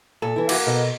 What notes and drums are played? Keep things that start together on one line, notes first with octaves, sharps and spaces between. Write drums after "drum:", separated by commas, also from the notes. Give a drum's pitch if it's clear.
A#2 A4
E3 E4
A#3 F#4, drum: cymbal
B2 A4 D#5